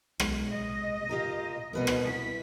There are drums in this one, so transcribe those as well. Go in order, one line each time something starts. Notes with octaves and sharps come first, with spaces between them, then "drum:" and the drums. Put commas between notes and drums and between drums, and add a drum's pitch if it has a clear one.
B1 G#3, drum: rim click
D#5
F4 G4 A#4
C2 B2 A#4 B4 D#5
drum: rim click
E4 B6